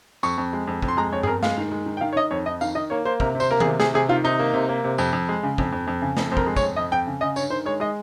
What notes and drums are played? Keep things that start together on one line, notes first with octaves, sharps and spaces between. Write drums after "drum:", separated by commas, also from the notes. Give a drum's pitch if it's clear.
F2 C#6, drum: tambourine
F2
G#3
F2
F2, drum: kick
C6
G#3 A#5
F2 C#5
G#4, drum: tom G2
F2 A#4
G#3 F5, drum: snare
D#3
G#3
D#3
G5
D#3 F5
C#5
D#3 D#5
F2 C#5
F2 D#5
D#3 F5, drum: tambourine
D#3 D#5
A#3 C#5
A#3 C5
C3 A#4, drum: kick
C3
C5, drum: tambourine
A#3 A#4
G#4, drum: tom D#3
C3
C3 G#4, drum: snare
C3 G#4
D#3 F4
C3 D#4
A#3
C3
A#3
C3
F2, drum: tambourine
F2
G#3
C#3
F2, drum: kick
F2
F2
C#3
F2, drum: snare
F2 C5
A#4, drum: kick
G#3
C#5, drum: kick, tambourine
F2
F2 D#5
F2 G5
C#3
C#3 D#5
G2 C#5, drum: tambourine
D#3 C5
G#3 C#5
G#3 D#5